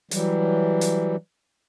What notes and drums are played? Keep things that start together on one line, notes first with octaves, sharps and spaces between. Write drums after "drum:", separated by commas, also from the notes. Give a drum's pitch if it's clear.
E3 F#3 G3, drum: hi-hat
drum: hi-hat